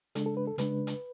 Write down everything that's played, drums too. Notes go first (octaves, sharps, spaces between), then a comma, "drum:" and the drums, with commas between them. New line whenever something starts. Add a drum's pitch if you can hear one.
C#3 G#3 D4 A4, drum: hi-hat
A4
B4
A4
C#3 G#3 D4 B4, drum: hi-hat
drum: hi-hat